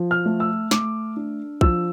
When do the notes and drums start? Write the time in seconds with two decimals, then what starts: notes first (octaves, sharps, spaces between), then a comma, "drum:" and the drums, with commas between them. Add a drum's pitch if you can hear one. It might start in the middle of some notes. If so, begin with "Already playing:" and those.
Already playing: F3
0.11 F6
0.26 A3
0.40 E6
0.71 A3 D6, drum: snare
1.16 D4
1.61 F3 E6, drum: kick